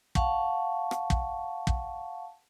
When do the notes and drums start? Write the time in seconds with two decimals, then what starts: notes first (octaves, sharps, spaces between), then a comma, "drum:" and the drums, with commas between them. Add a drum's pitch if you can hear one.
0.15 F5 F#5 A5 C#6, drum: kick
0.91 drum: rim click
1.10 drum: kick
1.67 drum: kick